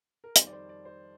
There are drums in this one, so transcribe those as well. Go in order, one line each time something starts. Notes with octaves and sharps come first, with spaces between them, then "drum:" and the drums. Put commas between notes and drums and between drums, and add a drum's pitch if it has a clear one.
A#4
F2 D#3 G3 C5, drum: hi-hat
D5
C5
D5
C5